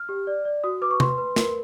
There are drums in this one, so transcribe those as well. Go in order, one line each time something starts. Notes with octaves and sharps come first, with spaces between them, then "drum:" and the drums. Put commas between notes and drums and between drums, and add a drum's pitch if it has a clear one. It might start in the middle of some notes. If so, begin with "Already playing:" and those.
Already playing: F6
G4
D5
D5
F#4 D#6
B4 D6
C#6
B4 C6, drum: tom
B4
A#4, drum: snare